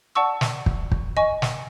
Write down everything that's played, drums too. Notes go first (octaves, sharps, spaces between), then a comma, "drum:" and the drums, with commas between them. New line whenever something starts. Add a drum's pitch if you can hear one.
D5 F#5 A5 C#6 E6
drum: snare
drum: kick
drum: kick
D#5 G#5 C#6
drum: snare